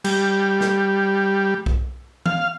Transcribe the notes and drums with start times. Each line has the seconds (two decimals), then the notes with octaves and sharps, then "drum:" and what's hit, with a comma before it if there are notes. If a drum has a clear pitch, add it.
0.04 G3, drum: cymbal
0.61 drum: snare
1.66 drum: kick B1
2.26 F5, drum: tom E3